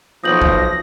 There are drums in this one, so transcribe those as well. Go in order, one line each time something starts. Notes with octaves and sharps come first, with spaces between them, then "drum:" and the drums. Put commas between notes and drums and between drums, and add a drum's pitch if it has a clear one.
B1 F3 D#6 G6 A#6 F#7
drum: kick